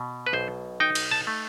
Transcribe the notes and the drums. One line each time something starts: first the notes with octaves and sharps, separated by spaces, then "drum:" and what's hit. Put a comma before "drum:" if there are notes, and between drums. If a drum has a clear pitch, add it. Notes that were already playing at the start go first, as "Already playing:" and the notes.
Already playing: B2
B4
B1 C5
D#4 G5
drum: cymbal
A5
A3